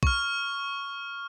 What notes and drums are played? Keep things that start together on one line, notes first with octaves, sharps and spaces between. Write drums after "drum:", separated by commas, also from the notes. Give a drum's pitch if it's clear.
C#6 F6, drum: kick